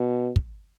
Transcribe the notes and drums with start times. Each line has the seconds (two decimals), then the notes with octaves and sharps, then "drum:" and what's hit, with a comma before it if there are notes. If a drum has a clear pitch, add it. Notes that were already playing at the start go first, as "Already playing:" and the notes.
Already playing: B2
0.36 drum: kick